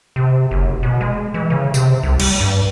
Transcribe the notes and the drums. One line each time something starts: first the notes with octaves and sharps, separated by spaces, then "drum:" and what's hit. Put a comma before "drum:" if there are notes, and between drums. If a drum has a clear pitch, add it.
C3
F#1
B2
G#3
E3
C#3
C3, drum: tambourine
C2
G3, drum: cymbal
G2